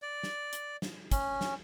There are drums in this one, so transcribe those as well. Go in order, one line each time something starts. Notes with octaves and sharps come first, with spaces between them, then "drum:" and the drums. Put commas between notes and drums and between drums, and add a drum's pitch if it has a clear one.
D5
drum: snare
drum: hi-hat
drum: snare
C#4, drum: kick, hi-hat
drum: snare